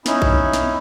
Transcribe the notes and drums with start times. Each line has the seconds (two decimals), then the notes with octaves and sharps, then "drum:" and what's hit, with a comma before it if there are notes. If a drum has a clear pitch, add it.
0.06 C#4 D#4 E4, drum: snare
0.22 drum: kick A#1
0.53 drum: snare